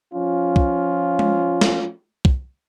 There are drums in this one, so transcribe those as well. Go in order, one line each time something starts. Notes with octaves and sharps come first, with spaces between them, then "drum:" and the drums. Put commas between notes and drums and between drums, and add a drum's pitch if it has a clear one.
F3 C#4 F4
drum: kick
drum: tom G#3
drum: snare
drum: kick